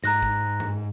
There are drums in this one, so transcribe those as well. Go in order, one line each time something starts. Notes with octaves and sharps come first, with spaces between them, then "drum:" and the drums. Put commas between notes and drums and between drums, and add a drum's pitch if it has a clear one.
G#2 A#5 F#6 A#6, drum: snare
drum: kick G#1
drum: tom G2